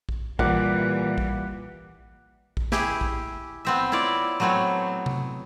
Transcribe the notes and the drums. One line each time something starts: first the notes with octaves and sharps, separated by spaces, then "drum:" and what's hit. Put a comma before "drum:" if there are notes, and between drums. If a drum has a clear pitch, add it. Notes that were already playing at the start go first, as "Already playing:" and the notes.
drum: kick A#1
A#2 E3 G3 F#5 D6, drum: kick A#1
drum: kick A#1
drum: kick A#1
E4 G4 G#4, drum: snare
drum: kick A#1
B3 C4 E5
E4 F4 C#5 D5
F#3 A3 B3 C4 C#5
drum: tom C3